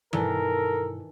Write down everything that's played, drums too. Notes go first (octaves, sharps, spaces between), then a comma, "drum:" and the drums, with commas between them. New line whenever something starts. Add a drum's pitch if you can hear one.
G2 B2 D#3 E3 D4 E4 A4 A#4, drum: tom E3